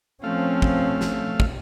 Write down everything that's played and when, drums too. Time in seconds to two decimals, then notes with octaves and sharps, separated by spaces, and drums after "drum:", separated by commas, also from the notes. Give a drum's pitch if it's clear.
0.24 F3 A3 C4 C#4 F5
0.62 drum: kick
1.01 drum: snare
1.40 drum: kick